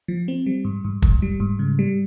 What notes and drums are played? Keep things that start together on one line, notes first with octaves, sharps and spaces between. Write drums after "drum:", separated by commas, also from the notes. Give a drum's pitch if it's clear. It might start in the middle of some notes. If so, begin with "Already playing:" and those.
F3
C4
G3
G#2
G#2
G#2, drum: kick
G3
G#2
C#3
G3